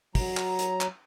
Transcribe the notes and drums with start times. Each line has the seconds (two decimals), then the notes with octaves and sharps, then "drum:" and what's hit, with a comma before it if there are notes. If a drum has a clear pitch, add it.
0.15 F#3 A#5, drum: kick, open hi-hat
0.37 drum: clap
0.59 drum: hi-hat
0.81 drum: clap